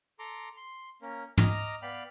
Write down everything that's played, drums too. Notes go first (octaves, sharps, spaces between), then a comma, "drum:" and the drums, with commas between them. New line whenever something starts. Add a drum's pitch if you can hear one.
A4 A#5 C6 D6
C6
A#3 C#4 A#4
D#5 A#5 D6 F6, drum: tom
B3 D5 F5 G5 B5